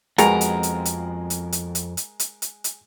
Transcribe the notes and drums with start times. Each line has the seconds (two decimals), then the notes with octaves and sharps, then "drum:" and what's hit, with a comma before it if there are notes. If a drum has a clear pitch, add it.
0.18 F2 B2 G#3 A#4 G#5, drum: hi-hat
0.41 drum: hi-hat
0.63 drum: hi-hat
0.85 drum: hi-hat
1.30 drum: hi-hat
1.52 drum: hi-hat
1.75 drum: hi-hat
1.97 drum: hi-hat
2.20 drum: hi-hat
2.42 drum: hi-hat
2.64 drum: hi-hat